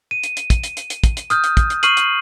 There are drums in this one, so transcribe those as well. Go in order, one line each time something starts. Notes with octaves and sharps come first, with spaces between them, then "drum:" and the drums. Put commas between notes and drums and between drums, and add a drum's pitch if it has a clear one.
D#7
drum: hi-hat
drum: hi-hat
drum: kick, hi-hat
drum: hi-hat
drum: hi-hat
drum: hi-hat
drum: kick, hi-hat
drum: hi-hat
D#6 F6 G6, drum: hi-hat
drum: hi-hat
drum: kick, hi-hat
drum: hi-hat
C#6 F6 C7 D#7 F#7, drum: hi-hat
drum: hi-hat